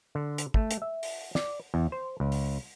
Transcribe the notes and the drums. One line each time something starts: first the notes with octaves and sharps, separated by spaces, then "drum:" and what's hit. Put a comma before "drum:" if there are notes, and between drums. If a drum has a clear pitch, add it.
D3
drum: hi-hat
A3, drum: kick
drum: hi-hat
E5
drum: open hi-hat
D5, drum: snare
E2
C5
C#2
drum: open hi-hat